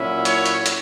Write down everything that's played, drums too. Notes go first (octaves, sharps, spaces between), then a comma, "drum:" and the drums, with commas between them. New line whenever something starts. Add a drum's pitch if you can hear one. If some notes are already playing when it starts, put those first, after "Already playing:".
Already playing: A#2 F#3 C#4 E4
C#5, drum: hi-hat
drum: hi-hat
drum: hi-hat